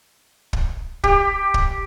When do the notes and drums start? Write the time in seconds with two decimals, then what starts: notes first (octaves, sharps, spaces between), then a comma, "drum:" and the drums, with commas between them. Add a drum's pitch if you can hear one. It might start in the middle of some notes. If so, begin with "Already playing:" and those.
0.53 drum: kick
1.04 G4, drum: kick
1.54 drum: kick